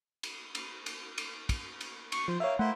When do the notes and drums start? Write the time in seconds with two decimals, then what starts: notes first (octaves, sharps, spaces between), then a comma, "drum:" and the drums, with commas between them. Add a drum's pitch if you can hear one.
0.23 drum: cymbal
0.55 drum: cymbal
0.86 drum: cymbal
1.18 drum: cymbal
1.49 drum: kick, cymbal
1.81 drum: cymbal
2.12 C#6, drum: cymbal
2.28 F3 C5
2.40 A#3 C#5 E5 F5
2.59 A3 A#3 E4 C5 F#5